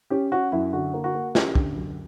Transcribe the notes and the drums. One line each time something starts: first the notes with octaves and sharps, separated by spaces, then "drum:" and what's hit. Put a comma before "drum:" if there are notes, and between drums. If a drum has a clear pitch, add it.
C#4 G4
C#4 F#4
F#2 E4
D3 F#4
A#3
F#4
A#3
C#4 G4, drum: snare
D3, drum: kick
F#2